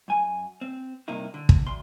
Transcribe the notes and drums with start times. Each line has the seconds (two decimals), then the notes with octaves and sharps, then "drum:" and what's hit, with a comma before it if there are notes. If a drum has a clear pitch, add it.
0.08 F#2 G#5
0.61 C4
1.08 G2 C3 A#3 D#4 E4
1.34 D3
1.49 drum: kick
1.66 D2 C6